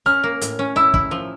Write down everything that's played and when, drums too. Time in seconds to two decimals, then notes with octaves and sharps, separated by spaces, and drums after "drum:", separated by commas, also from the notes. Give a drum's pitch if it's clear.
0.06 C#4 F6
0.24 A#3
0.41 A2, drum: hi-hat
0.59 C#4
0.76 E4 E6
0.94 E4, drum: kick
1.11 F3